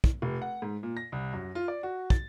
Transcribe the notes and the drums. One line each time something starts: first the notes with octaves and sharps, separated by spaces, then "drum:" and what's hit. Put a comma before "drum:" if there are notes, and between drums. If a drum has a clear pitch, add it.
drum: kick
F1
F#5
G#2
A#2
A#6
C2
F#2
F4
D5
F#4
A6, drum: kick